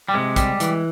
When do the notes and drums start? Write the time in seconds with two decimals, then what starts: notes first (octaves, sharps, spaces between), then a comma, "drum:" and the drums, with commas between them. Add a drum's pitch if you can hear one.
0.09 G3
0.14 C3 G#3
0.36 G3, drum: kick, hi-hat
0.60 E3, drum: hi-hat